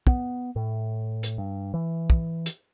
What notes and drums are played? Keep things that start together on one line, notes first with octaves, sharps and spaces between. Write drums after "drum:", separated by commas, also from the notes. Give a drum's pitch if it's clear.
B3, drum: kick
A2
drum: hi-hat
G2
E3
drum: kick
drum: hi-hat